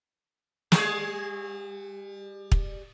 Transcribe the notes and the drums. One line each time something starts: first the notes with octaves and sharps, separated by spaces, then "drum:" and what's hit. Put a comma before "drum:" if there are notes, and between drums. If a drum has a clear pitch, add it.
G3 G#4, drum: snare
drum: kick